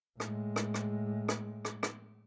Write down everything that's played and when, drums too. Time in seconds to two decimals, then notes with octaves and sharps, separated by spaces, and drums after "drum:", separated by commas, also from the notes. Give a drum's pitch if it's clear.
0.20 A2 G#3, drum: rim click
0.56 drum: rim click
0.74 drum: rim click
1.28 drum: rim click
1.65 drum: rim click
1.83 drum: rim click